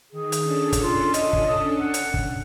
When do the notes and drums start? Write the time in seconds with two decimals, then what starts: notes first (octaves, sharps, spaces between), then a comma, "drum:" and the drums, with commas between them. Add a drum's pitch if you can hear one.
0.12 D#3 G#4
0.32 drum: hi-hat
0.43 C#4 D4 A4
0.73 drum: kick, hi-hat
0.82 F4
1.14 D#5, drum: hi-hat
1.33 drum: kick
1.48 D#6
1.80 F#5
1.94 drum: hi-hat
2.14 drum: kick